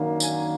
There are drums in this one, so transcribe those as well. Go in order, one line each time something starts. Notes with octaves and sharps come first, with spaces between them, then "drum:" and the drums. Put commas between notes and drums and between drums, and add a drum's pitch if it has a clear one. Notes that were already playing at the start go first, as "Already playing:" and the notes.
Already playing: F#2 D#3 A#3 D4
G#5, drum: tambourine